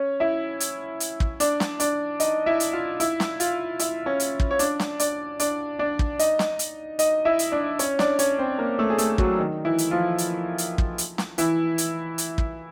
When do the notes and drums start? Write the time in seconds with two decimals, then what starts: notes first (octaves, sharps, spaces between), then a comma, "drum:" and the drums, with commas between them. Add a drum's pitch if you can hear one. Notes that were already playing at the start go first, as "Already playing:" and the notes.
Already playing: C#4 C#5
0.20 E4 E5
0.60 drum: hi-hat
1.00 drum: hi-hat
1.20 drum: kick
1.40 D4 D5, drum: hi-hat
1.60 drum: snare
1.80 D4 D5, drum: hi-hat
2.20 D#4 D#5, drum: hi-hat
2.46 E4 E5
2.60 drum: hi-hat
2.73 F4 F5
3.00 E4 E5, drum: hi-hat
3.20 drum: snare
3.40 F4 F5, drum: hi-hat
3.79 E4 E5, drum: hi-hat
4.06 C#4 C#5
4.20 drum: hi-hat
4.40 drum: kick
4.51 C#5
4.59 D4 D5, drum: hi-hat
4.80 drum: snare
5.00 D4 D5, drum: hi-hat
5.40 D4 D5, drum: hi-hat
5.79 D4 D5
5.99 drum: kick
6.19 D#4 D#5, drum: hi-hat
6.39 drum: snare
6.59 drum: hi-hat
6.99 D#4 D#5, drum: hi-hat
7.25 E4 E5
7.39 drum: hi-hat
7.52 D4 D5
7.79 C#4 C#5, drum: hi-hat
7.99 D4 D5, drum: snare
8.19 C#4 C#5, drum: hi-hat
8.39 C4 C5
8.59 A#3 A#4
8.79 A3 A4
8.90 G#4
8.98 A3 A4, drum: hi-hat
9.18 F#3 F#4, drum: kick
9.38 D#3 D#4
9.65 E3 E4
9.78 drum: hi-hat
9.91 F3 F4
10.18 drum: hi-hat
10.58 drum: hi-hat
10.78 drum: kick
10.98 drum: hi-hat
11.18 drum: snare
11.38 E3 E4, drum: hi-hat
11.78 drum: hi-hat
12.18 drum: hi-hat
12.38 drum: kick